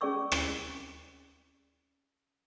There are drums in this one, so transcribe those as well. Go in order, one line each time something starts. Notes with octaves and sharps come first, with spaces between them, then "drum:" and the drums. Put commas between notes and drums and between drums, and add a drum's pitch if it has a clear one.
C#4 G#4 D5 G5 C#6 E6
drum: rim click